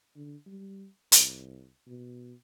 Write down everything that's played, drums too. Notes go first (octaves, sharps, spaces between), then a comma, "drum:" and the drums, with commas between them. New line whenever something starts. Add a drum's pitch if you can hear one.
D3
G3
C2, drum: hi-hat
B2